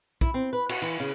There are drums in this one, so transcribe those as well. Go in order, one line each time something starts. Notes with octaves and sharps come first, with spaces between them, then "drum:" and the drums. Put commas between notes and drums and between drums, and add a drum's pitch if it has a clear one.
E4, drum: kick
C4
B4
F#4, drum: cymbal
E3
C#3